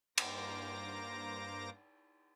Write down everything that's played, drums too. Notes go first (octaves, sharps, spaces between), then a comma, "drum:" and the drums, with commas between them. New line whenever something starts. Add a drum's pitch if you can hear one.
G2 A#3 C5 A#5 D6 A#6, drum: cymbal